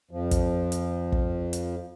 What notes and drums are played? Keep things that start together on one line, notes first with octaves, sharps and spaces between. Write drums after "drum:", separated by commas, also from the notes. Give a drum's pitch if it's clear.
F2 F3
drum: kick, hi-hat
drum: hi-hat
drum: kick
drum: hi-hat